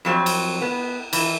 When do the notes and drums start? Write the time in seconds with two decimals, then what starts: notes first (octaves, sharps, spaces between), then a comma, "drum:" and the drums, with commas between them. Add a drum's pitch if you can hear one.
0.05 F2 F#3 B3 C4
0.26 drum: cymbal
0.62 B3
1.13 E3, drum: cymbal